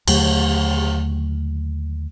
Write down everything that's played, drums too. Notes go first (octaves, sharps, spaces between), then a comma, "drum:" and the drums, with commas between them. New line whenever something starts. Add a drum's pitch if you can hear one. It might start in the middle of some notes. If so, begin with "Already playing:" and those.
D#2 D3 F#3 A3, drum: cymbal